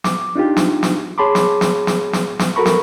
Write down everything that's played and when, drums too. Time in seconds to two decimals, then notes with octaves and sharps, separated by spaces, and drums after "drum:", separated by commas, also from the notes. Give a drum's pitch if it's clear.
0.04 D6, drum: snare
0.36 D4 D#4 F4 G4
0.57 drum: snare
0.83 drum: snare
1.18 G#4 C#5 A5 B5 C6 D6
1.35 drum: snare
1.61 drum: snare
1.87 drum: snare
2.13 drum: snare
2.39 drum: snare
2.56 F#4 A4 A#4 A#5 B5 C#6
2.66 drum: snare